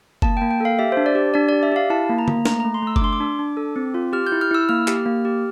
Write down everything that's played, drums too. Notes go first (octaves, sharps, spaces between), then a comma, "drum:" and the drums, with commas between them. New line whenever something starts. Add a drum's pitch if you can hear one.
A#3 A5, drum: kick F#1
A#3 G5
G5
A4 F5
G4 E5
D4 C5
D5
G4
D4 D5
G4 D5
E5
G4 F5
E4 A5
A#3
A#5
A#3, drum: tom D3
A3 A#5, drum: snare
A3 A#5
C6
A3 E6
D6, drum: kick F#1
D4 C6
D6
D4
D4
A4
C4
F4
G4 F6
G6
E4
F6
E4 E6
A#3 F6
G4, drum: clap
A#3
G4